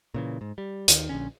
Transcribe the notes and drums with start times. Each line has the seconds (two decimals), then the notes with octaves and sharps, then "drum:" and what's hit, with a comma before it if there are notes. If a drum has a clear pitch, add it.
0.14 A#2 C#3 E3
0.41 G#2
0.58 G3
0.88 D#2 D#3, drum: hi-hat
1.09 A#1 D3 C#4